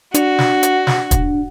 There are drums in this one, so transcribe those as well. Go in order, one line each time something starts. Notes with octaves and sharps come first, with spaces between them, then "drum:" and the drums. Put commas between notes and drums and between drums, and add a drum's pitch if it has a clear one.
D4 F#4, drum: hi-hat
drum: snare
drum: hi-hat
drum: snare
drum: kick, hi-hat